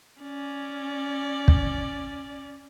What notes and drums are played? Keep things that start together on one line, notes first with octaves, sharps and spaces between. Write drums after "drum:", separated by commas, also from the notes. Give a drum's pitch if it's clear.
C#4 D5
drum: kick